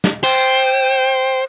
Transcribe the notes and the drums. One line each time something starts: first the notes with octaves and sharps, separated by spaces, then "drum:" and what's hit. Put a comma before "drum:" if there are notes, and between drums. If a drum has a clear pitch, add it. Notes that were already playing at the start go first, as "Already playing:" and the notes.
drum: snare
C5 G5, drum: cymbal